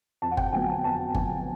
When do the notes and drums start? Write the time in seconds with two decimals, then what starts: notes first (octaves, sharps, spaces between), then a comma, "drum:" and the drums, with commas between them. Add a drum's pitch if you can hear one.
0.22 F2 A5
0.31 F#5
0.37 G5, drum: kick G1
0.53 D3 F#3 B3 G#5
0.68 A5
0.84 F2 A5
1.15 D3 F#3 B3 G#5, drum: kick G1